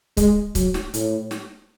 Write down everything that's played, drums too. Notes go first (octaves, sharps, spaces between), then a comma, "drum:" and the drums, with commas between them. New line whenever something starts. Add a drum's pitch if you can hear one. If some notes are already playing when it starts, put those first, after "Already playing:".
G#3, drum: kick, hi-hat
F#3, drum: kick, hi-hat
drum: snare
A2, drum: hi-hat
drum: snare